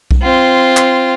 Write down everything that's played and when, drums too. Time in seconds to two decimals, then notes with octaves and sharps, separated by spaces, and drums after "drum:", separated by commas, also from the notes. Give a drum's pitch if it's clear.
0.11 drum: kick B1
0.22 C4 F4
0.77 drum: clap